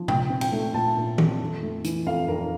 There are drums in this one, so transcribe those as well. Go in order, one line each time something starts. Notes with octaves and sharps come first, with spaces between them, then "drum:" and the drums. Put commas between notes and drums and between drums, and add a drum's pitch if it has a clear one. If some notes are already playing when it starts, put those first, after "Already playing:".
Already playing: F3
A#2 G5, drum: tom C3
C4
G5, drum: cymbal
A3
A#2 A5
A#2
C4, drum: tom D#3
F2
A3
E3, drum: hi-hat
F2 F5
F2 A#4